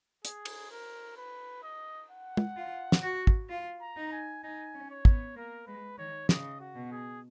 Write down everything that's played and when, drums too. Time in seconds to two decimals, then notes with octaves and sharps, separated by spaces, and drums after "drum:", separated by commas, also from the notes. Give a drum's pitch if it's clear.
0.25 G#4, drum: hi-hat
0.45 drum: cymbal
0.71 A#4
1.17 B4
1.63 D#5
2.11 F#5
2.37 drum: tom
2.56 F4
2.92 drum: snare
3.03 F#4
3.27 drum: kick
3.49 F4
3.81 A#5
3.96 D#4
4.12 G#5
4.43 D#4 G#5
4.74 C#4
4.90 C#5
5.05 B3, drum: kick
5.36 A#3 A#4
5.67 G#3 B4
5.98 D#3 C#5
6.29 C#3 D#5, drum: snare
6.60 F#4
6.75 B2
6.92 G#4